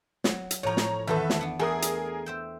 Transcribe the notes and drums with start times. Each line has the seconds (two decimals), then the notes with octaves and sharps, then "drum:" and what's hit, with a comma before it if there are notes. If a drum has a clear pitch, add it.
0.24 F#3, drum: snare
0.51 drum: hi-hat
0.63 A2 F3 C#5 A#5
0.77 drum: snare
1.07 E2 D#3 F#4 A4 B4 E5
1.30 drum: snare
1.41 B3 D4
1.59 E3 A3 G#4 A#4 D#6
1.82 drum: hi-hat
2.26 C5 E5 G5